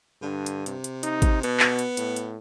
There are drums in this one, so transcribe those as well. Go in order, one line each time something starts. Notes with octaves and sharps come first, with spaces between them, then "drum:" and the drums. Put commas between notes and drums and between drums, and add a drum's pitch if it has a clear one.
G2 D3
drum: hi-hat
C3, drum: hi-hat
drum: hi-hat
D#4, drum: hi-hat
drum: kick G#1, hi-hat
B2 B3, drum: hi-hat
drum: clap
drum: hi-hat
A2, drum: hi-hat
drum: hi-hat